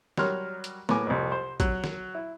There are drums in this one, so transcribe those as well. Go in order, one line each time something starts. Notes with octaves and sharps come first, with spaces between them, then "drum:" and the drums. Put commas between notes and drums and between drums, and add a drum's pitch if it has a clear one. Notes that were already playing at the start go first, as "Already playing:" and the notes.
F#3 G3 A#4 C#5 C6 F6, drum: snare
drum: hi-hat
A2 A#3 B3 G#5 D6, drum: snare
C2 F2
C5
F#3, drum: kick, hi-hat
drum: snare
E4